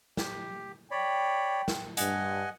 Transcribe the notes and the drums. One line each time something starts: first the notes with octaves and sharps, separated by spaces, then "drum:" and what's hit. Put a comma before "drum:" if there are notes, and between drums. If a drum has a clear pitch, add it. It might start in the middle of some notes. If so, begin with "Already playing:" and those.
G4, drum: snare
C#5 D5 G5 B5
drum: snare
G2 D#5 F#5 G#5, drum: hi-hat